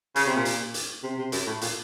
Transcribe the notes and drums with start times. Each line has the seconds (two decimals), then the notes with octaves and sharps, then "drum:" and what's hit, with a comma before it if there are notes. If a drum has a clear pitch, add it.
0.16 C#3, drum: hi-hat
0.26 C3
0.36 A#2
0.45 drum: hi-hat
0.74 drum: hi-hat
1.03 C3
1.18 C3
1.32 F#2, drum: hi-hat
1.47 A2
1.61 A#2, drum: hi-hat